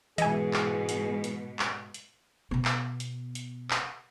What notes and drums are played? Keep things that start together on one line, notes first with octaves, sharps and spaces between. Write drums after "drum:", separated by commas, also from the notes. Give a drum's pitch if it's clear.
G#2 B2 E3 G#4 D#5 G#5, drum: hi-hat
drum: clap
drum: hi-hat
drum: hi-hat
drum: clap
drum: hi-hat
B2 B3
drum: clap
drum: hi-hat
drum: hi-hat
drum: clap